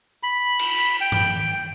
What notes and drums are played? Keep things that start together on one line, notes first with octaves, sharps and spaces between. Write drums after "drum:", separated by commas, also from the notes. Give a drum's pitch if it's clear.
B5
drum: cymbal
G5
drum: tom G2